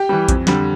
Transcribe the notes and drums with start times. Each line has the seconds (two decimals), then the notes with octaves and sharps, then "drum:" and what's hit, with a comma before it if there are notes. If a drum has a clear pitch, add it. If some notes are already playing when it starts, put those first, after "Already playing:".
Already playing: G4 G5
0.09 E3 G3
0.28 F2, drum: kick A#1, hi-hat
0.47 D3 G3, drum: snare